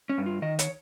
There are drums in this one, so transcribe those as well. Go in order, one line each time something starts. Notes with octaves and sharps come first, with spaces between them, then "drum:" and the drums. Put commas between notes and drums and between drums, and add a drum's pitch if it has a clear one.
C#4
G2
F4
D#3 D#5
C#5, drum: hi-hat